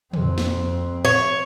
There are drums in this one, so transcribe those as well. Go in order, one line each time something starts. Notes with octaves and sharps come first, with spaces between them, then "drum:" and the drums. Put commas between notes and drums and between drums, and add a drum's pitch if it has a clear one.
F2 C4, drum: tom
drum: snare
C#5